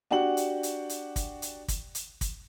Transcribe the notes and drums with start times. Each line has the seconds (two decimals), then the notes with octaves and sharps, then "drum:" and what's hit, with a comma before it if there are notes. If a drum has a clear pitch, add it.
0.11 D4 F#4 G4 F#5 F#7
0.37 drum: hi-hat
0.63 drum: hi-hat
0.89 drum: hi-hat
1.16 drum: kick, hi-hat
1.42 drum: hi-hat
1.68 drum: kick, hi-hat
1.95 drum: hi-hat
2.21 drum: kick, hi-hat